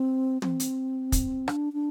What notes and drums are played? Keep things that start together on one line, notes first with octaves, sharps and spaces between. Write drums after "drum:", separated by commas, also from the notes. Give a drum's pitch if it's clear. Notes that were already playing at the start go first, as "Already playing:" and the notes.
Already playing: C4
C4, drum: tom
drum: hi-hat
drum: kick, hi-hat
D4, drum: rim click
D4